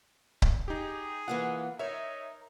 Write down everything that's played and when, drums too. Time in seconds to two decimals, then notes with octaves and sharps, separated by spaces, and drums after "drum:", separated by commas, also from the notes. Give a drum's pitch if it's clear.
0.42 drum: kick C#1
0.68 D#4 G4 G#4
1.28 E3 A#3 F4 F#5
1.79 D#4 A#4 C#5 E5